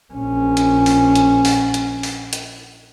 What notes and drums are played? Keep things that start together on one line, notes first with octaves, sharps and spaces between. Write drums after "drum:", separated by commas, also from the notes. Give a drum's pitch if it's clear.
A#1 C#4
drum: hi-hat
drum: open hi-hat
drum: hi-hat
drum: open hi-hat
drum: hi-hat
drum: open hi-hat
drum: hi-hat